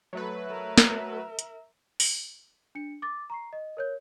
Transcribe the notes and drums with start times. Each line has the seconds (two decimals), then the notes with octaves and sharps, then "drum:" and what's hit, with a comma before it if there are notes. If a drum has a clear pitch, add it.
0.13 F#3 A3 B4
0.47 A#4 E5
0.78 drum: snare
1.39 drum: hi-hat
2.00 drum: open hi-hat
2.75 D4 C#7
3.02 D6 A6
3.30 A#5 C#6 C7
3.53 D#5
3.77 A#4 C#5 G6